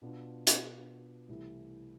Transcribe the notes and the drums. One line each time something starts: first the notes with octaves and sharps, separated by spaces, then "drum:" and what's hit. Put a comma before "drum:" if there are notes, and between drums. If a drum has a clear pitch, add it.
B2 B3 D4 F4
drum: hi-hat
C2 C3 E3 A3 E4